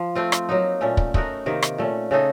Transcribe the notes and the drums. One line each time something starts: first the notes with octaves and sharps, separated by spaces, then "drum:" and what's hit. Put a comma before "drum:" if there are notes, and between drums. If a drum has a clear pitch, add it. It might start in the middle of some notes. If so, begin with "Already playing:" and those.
Already playing: F3
A3 C4 F4
drum: rim click
F#3 A#3 D#4
A#2 A3 C#4
drum: kick
A3 D#4 F#4 A#4, drum: kick
C3 D#3 A#3
drum: rim click
A#2 A3 C#4
C#3 A3 D#4 A4